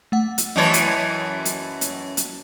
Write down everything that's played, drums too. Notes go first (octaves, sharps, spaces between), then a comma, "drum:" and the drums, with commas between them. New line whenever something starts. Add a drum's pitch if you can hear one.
A3 F#5
drum: hi-hat
F#2 E3 C#5 D#5 A5 A6
drum: hi-hat
drum: hi-hat
drum: hi-hat
drum: hi-hat